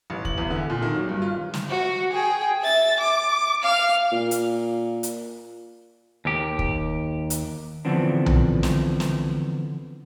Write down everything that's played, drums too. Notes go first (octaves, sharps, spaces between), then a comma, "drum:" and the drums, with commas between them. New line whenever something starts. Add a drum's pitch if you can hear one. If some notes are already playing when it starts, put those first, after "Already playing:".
A1
F#7, drum: kick
E2
D3
A#2
D#3
F#3
G2
F4
drum: snare
F#4
G#4 G5
E5 A6
D6
F5 F6
A#2
drum: hi-hat
drum: hi-hat
D#2 G4
drum: kick
drum: hi-hat
D3 E3 F3 B3 C4 D4
drum: tom B1
drum: snare
drum: snare